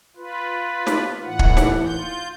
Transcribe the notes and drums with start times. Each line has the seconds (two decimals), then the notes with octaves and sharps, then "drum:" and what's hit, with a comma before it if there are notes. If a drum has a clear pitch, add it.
0.16 F4 B4
0.87 drum: snare
1.24 A2 E3 F#5
1.39 drum: kick
1.57 drum: snare
1.84 F4 G6